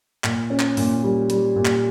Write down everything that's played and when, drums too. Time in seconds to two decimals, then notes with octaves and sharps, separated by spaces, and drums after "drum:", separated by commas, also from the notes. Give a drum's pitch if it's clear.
0.24 A#2, drum: clap
0.50 C#4
0.59 drum: clap
0.77 A#2, drum: open hi-hat
1.03 G3
1.30 G3, drum: hi-hat
1.56 A#2
1.65 drum: clap